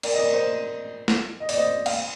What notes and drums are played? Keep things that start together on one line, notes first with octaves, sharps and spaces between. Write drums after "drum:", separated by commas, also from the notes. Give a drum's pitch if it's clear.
A#4 D5, drum: cymbal
D#5
A#4 D5
C5 D#5
drum: snare
D#5
D5, drum: open hi-hat
C5 D#5
F5, drum: cymbal